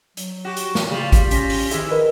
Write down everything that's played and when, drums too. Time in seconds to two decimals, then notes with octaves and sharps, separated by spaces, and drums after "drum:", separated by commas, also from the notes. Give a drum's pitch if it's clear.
0.17 F#3, drum: hi-hat
0.45 F#4 G4
0.57 drum: hi-hat
0.75 drum: snare
0.90 C#3 G3 F4
1.12 drum: kick, hi-hat
1.31 C#4 A#6 B6, drum: hi-hat
1.50 drum: open hi-hat
1.71 D#3 F3 E4 G#4, drum: hi-hat
1.91 A#4 B4 D#5